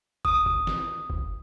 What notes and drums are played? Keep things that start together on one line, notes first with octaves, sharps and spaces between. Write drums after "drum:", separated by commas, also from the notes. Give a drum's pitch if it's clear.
D#6, drum: kick
drum: kick
drum: snare
drum: kick